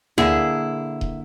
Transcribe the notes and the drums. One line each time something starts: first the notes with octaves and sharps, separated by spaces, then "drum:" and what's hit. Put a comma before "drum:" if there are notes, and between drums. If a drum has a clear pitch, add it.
D3 A#3 E4 G#4, drum: tom D2
drum: kick D#1